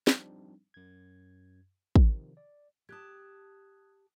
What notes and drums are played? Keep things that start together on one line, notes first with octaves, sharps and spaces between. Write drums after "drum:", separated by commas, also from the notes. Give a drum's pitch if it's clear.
F3 G3 C4 D4 D#4, drum: snare
F#2 G#6
C3 D#3 F3, drum: kick
D5
G4 A5 D#6 F#6 G#6